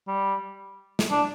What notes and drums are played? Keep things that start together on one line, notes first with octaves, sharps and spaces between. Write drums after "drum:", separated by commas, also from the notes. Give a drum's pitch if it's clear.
G3
drum: snare
D4